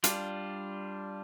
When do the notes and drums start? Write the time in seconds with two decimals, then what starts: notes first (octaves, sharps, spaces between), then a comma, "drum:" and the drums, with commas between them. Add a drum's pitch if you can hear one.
0.04 G3 D4 F4, drum: hi-hat